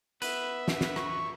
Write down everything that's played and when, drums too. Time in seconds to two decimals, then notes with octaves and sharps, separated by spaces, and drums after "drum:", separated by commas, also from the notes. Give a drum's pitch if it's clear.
0.22 B3 B4 E5, drum: hi-hat
0.68 drum: snare
0.81 drum: snare
0.96 C#6, drum: rim click